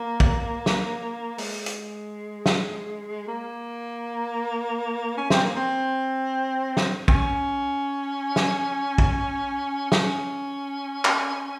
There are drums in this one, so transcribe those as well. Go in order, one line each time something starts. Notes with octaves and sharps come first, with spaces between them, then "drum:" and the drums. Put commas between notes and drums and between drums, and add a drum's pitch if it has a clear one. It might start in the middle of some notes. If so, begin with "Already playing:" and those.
Already playing: A#3
drum: kick
drum: snare
G#3, drum: open hi-hat
drum: hi-hat
drum: snare
A#3
C#4
C4, drum: snare
A#3
C4
drum: snare
C#4, drum: kick
drum: snare
drum: kick
C#4, drum: snare
drum: clap